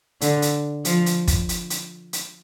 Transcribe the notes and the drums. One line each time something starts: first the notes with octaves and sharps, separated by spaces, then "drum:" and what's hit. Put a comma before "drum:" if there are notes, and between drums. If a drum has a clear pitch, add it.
D3, drum: hi-hat
drum: hi-hat
F3, drum: hi-hat
drum: hi-hat
drum: kick, hi-hat
drum: hi-hat
drum: hi-hat
drum: hi-hat